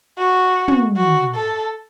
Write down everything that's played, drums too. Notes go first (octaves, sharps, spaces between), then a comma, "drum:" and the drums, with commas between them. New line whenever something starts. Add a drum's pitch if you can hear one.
F#4
drum: tom
F#4
A4